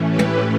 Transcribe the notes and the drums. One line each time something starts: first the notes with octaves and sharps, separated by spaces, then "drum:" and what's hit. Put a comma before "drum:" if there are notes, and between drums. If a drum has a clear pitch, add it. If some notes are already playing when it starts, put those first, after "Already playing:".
Already playing: A2 E3 A3 C#4
G4 B4
drum: tom